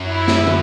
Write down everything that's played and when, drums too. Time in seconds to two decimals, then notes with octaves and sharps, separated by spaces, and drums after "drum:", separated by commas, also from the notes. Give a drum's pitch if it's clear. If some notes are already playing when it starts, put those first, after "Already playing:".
Already playing: F#2
0.09 E4
0.28 drum: snare
0.47 drum: tom